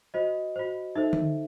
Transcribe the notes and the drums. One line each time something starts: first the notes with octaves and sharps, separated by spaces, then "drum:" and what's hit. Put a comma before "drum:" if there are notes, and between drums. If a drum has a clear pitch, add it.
F#4 C5 D#5
F#4 C5
D#4 A4 C5 E5
drum: tom D3